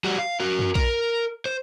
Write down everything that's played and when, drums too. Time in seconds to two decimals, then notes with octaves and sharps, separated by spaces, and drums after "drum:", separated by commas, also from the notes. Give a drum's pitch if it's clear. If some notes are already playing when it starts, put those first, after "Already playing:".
0.04 G3 F#4
0.19 F5
0.40 F#4 A#4
0.59 drum: tom F#2
0.75 A#4, drum: kick A#1
1.45 C5